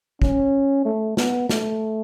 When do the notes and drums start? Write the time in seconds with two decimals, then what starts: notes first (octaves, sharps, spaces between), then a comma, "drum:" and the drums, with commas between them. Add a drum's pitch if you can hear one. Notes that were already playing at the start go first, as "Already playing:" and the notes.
0.22 C#4, drum: kick
0.85 A3
1.17 B3, drum: snare
1.49 A3, drum: snare